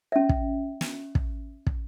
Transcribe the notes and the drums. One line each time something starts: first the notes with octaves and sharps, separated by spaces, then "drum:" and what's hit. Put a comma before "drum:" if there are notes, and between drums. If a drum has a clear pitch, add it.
C#4 E5
drum: kick
drum: snare
drum: kick
drum: kick